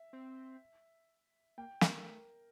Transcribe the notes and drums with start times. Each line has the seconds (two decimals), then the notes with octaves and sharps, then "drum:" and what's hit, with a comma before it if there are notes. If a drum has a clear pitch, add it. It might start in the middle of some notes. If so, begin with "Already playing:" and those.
Already playing: E5
0.13 C4
1.58 A#3 G5
1.81 A3 A#4, drum: snare